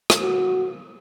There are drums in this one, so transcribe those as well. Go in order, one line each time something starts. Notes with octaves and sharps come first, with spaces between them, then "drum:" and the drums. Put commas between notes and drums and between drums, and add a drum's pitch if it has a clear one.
drum: rim click
F#4